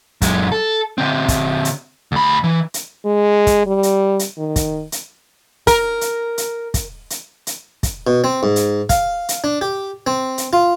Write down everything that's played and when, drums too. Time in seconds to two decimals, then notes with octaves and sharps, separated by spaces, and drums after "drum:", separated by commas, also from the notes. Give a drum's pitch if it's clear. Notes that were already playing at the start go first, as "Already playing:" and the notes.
0.22 F#2 G#3, drum: kick, hi-hat
0.52 A4
0.98 D3 C4
1.28 drum: kick, hi-hat
1.65 drum: hi-hat
2.12 D2 B5
2.44 E3
2.74 drum: hi-hat
3.05 G#3
3.47 drum: kick, hi-hat
3.66 G3
3.83 drum: hi-hat
4.19 drum: hi-hat
4.38 D#3
4.56 drum: kick, hi-hat
4.92 drum: hi-hat
5.67 A#4, drum: kick, hi-hat
6.01 drum: hi-hat
6.38 drum: hi-hat
6.74 drum: kick, hi-hat
7.10 drum: hi-hat
7.47 drum: hi-hat
7.83 drum: kick, hi-hat
8.07 B2
8.24 C4
8.43 G#2
8.56 drum: hi-hat
8.89 F5, drum: kick, hi-hat
9.29 drum: hi-hat
9.44 D4
9.61 G4
10.07 C4
10.38 drum: hi-hat
10.53 F4